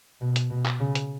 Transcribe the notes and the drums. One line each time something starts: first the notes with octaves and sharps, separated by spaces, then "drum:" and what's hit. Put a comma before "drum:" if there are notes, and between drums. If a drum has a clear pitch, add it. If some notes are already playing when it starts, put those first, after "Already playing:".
B2
drum: hi-hat
B2
drum: clap
C#3
drum: hi-hat